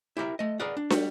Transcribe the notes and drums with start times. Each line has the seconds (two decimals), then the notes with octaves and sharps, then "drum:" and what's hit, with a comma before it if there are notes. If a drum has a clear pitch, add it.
0.17 E4 G4 A#4 E5
0.39 A3 D#5
0.60 G#4 A#4 B4 D5 F#5
0.77 D4
0.90 G3 F#4, drum: snare